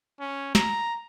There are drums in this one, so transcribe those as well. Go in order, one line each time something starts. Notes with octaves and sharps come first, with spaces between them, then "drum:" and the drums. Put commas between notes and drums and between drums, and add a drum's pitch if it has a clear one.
C#4
A#5, drum: snare